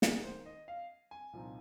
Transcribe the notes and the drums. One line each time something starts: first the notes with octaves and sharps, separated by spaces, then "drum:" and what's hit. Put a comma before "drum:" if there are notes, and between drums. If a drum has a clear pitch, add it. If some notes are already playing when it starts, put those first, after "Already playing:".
D#2 D#3 A#3 G#4, drum: snare
C5
D#5
F5
G#5
C2 A#2 F3 C4 D#4